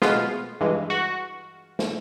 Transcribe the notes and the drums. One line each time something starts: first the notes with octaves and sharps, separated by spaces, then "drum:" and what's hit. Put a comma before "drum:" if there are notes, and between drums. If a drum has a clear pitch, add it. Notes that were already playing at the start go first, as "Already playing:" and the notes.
B2 G#3 B3 F4, drum: snare
G2 E3 G#3
F#4
drum: snare